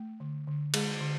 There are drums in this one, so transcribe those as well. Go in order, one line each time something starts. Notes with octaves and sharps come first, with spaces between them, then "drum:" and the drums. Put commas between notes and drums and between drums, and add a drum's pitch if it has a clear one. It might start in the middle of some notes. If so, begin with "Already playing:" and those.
Already playing: A3
D3
D3
G#3 G#4, drum: cymbal
D3